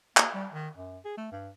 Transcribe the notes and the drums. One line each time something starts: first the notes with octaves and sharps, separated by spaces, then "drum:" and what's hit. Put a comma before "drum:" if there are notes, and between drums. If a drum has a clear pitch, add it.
A#3, drum: clap
G3
D#3
F#2
G#4
A3
G2